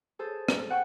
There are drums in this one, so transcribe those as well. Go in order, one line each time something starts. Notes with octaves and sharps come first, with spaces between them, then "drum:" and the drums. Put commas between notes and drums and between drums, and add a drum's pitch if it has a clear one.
G#4 A4 C5
drum: rim click
F#5 G5 C#6